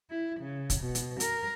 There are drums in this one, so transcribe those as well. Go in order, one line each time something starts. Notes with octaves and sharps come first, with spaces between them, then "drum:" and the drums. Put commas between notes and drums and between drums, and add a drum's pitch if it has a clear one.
E4
C#3
drum: kick, hi-hat
B2
drum: hi-hat
A#4, drum: hi-hat